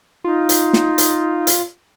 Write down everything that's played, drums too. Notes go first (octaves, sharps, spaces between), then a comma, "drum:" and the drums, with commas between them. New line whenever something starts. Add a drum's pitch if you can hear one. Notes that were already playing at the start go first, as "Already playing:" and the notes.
D#4 F4
drum: hi-hat
drum: snare
drum: hi-hat
drum: hi-hat